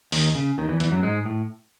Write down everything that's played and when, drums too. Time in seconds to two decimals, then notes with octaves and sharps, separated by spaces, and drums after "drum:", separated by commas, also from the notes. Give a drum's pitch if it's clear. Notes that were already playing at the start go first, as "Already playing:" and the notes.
0.12 D#2 D#3, drum: open hi-hat
0.35 C#3
0.58 D#2 D#3
0.68 E2 E3
0.80 E2 E3, drum: hi-hat
0.91 F#2 F#3
1.03 G#2 G#3
1.25 A2